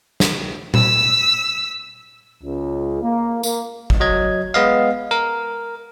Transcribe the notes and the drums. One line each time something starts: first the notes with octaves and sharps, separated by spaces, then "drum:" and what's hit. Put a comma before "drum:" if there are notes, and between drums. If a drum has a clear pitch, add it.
drum: snare
E6 B6, drum: tom A#2
C#2
A#3
A#3, drum: tambourine
drum: kick G#1
F#3 D#5 G#6
G#3 B3 D#5 F5
A#4